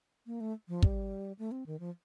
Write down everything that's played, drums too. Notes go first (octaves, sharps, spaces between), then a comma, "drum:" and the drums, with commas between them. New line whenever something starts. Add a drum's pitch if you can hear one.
A#3
A3
F3
G3, drum: kick
A3
C4
D#3
F3